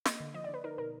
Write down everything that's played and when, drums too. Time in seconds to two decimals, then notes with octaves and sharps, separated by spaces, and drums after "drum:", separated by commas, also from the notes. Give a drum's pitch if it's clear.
0.05 A#3 D#5, drum: snare
0.20 D3
0.34 F3 D#5
0.44 D5
0.49 D3 B4
0.64 D#4 A#4
0.78 B2 A#4